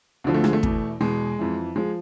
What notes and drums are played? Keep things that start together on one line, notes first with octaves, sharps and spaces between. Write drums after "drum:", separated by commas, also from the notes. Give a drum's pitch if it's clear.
D2 D3 F3
A3
G#3, drum: rim click
A3
E2 B2, drum: kick
E2 B2 G#3
F2 E3
F3 G#3